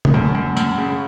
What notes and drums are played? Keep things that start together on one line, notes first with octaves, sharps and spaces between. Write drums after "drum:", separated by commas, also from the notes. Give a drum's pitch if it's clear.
drum: tom
F#2
F#2
F#2, drum: tambourine
C#3